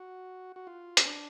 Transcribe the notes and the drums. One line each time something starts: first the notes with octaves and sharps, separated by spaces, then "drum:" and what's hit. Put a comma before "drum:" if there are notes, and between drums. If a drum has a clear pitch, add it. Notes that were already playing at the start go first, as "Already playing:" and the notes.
Already playing: F#4
F#4
F4
C#4, drum: hi-hat
D4